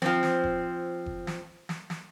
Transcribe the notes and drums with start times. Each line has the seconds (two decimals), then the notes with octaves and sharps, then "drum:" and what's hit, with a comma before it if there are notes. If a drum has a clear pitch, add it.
0.02 F3 C4, drum: snare
0.23 drum: snare
0.44 drum: kick F#1
1.06 drum: kick F#1
1.27 drum: snare
1.69 drum: snare
1.90 drum: snare